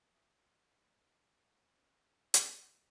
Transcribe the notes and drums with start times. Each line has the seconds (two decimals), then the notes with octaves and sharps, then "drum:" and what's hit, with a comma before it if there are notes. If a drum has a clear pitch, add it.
0.10 E5 D#6
1.64 C#4 C5
2.34 drum: hi-hat